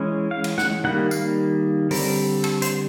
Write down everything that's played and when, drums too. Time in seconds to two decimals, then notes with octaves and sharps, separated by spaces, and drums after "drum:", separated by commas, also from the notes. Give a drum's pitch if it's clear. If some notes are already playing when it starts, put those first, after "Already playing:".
Already playing: E3 G#3 C#4
0.31 F5
0.44 drum: cymbal
0.58 F#5, drum: snare
0.84 D#3 G3 A#3 F#5
1.11 F5, drum: tambourine
1.91 D3 G3 C4 A#4, drum: open hi-hat
2.44 A4, drum: cymbal
2.62 C5, drum: hi-hat